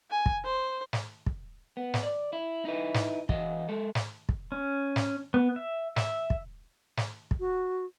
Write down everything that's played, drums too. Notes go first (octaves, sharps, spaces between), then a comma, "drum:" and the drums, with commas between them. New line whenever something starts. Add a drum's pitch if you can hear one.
G#5
drum: kick
C5
drum: snare
drum: kick
B3
drum: snare
D5
E4
D#4 E4 B4
drum: snare
E3 F#4 D#5, drum: kick
G#3 A4
drum: snare
drum: kick
C#4
drum: snare
B3
E5
E5, drum: snare
drum: kick
drum: snare
drum: kick
F#4